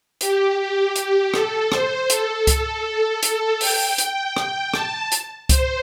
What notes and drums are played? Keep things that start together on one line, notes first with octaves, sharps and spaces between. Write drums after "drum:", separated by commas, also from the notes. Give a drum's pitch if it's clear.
G4, drum: hi-hat
G4
G4, drum: hi-hat
A4, drum: rim click
C5, drum: rim click
A4, drum: hi-hat
drum: kick C#2, hi-hat
A4, drum: hi-hat
G5, drum: open hi-hat
drum: hi-hat
G5, drum: rim click
A5, drum: rim click
drum: hi-hat
C5, drum: kick C#2, hi-hat